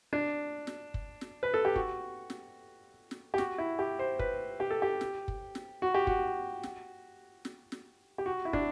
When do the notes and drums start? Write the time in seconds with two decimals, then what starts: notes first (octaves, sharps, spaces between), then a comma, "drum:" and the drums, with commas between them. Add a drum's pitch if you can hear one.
0.13 D4
0.67 drum: snare
0.94 drum: kick
1.21 drum: snare
1.43 B4
1.54 A4
1.65 G4
1.76 F#4, drum: kick
2.30 drum: snare
3.11 drum: snare
3.34 G4
3.38 F#4, drum: snare
3.58 E4
3.79 G4
3.99 C5
4.19 B4, drum: kick
4.60 G4
4.70 A4
4.82 G4
5.01 drum: snare
5.28 drum: kick
5.55 drum: snare
5.82 F#4
5.94 G4
6.07 F#4, drum: kick
6.63 drum: snare
7.45 drum: snare
7.72 drum: snare
8.18 G4
8.26 F#4
8.45 E4
8.53 D4, drum: kick